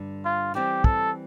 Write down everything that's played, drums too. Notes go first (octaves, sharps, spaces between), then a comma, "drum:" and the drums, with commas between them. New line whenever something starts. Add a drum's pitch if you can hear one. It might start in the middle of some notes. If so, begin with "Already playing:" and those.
Already playing: G2 D3 G3
F4
E3 G3 C4 G4
A4, drum: kick